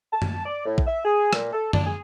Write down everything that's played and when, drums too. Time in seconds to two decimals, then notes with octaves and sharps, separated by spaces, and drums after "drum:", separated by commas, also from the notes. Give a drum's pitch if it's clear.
0.12 A5
0.22 drum: tom F#2
0.46 D5
0.65 A2
0.78 drum: kick A#1
0.87 E5
1.04 G#4
1.33 A#2, drum: rim click
1.53 A4
1.73 D4, drum: tom F#2
1.86 G#4